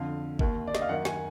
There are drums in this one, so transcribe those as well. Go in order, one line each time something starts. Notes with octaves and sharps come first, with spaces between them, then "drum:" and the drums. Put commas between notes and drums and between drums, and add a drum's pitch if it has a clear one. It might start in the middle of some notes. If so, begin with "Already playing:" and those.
Already playing: F2 D3 F5
D#2 D#3, drum: kick G1
D5
D#5, drum: snare
F5
F#2 D#3 F#5
G#5, drum: snare